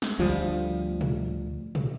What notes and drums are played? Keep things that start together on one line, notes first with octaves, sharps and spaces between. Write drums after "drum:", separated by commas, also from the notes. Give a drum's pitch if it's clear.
drum: snare
D2 F3 G3, drum: cymbal
drum: tom
drum: tom